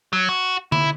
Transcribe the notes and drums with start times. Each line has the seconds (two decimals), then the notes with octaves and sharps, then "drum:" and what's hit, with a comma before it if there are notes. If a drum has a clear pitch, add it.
0.13 F#3
0.29 F#4
0.72 E4, drum: tom D3